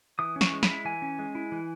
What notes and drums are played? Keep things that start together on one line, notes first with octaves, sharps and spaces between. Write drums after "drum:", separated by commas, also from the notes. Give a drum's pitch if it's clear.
E3 D#6
C#4
C#6, drum: snare
G#3
B5, drum: snare
E4
E3 G#5
C#4
G#3
E4
E3